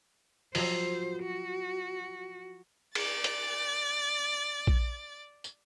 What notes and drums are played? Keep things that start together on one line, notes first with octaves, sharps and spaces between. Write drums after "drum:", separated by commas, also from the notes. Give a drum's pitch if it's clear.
F3 F#3 C5 E6, drum: open hi-hat
F#4
D5 A6, drum: cymbal
drum: hi-hat
drum: kick A#1
drum: tambourine